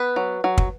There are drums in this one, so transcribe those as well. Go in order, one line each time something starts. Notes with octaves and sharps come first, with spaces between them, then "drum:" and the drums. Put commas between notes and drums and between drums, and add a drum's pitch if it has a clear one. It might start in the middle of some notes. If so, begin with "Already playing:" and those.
Already playing: B3 B4
F#3
F#3
drum: kick